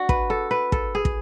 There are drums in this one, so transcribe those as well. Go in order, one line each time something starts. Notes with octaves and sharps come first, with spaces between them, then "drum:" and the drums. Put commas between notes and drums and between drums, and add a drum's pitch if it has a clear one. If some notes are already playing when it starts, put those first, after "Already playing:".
Already playing: D4 F#4
B4, drum: kick
A4
B4
A4, drum: kick
G#4
drum: kick